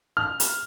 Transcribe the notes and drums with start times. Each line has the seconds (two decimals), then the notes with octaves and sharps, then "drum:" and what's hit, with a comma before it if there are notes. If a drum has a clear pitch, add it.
0.17 F6
0.40 drum: hi-hat